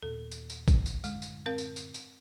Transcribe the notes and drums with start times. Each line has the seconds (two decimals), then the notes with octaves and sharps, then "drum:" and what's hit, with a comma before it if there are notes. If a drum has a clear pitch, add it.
0.02 D#2 A#2 B3 A4
0.31 drum: tambourine
0.50 drum: tambourine
0.68 drum: kick, tambourine
0.86 drum: tambourine
1.04 F#2 A2 D3 G#3, drum: tambourine
1.22 drum: tambourine
1.46 C4 A#4 F5
1.58 drum: tambourine
1.76 drum: tambourine
1.94 drum: tambourine